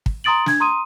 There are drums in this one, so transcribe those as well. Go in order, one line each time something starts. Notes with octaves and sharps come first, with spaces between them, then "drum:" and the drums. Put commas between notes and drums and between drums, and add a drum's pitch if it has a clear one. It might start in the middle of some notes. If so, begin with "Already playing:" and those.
drum: kick
A#5 C6 D#6 A6 D7 F#7
D4 G#6, drum: snare
A#5 C6 D#6 D#7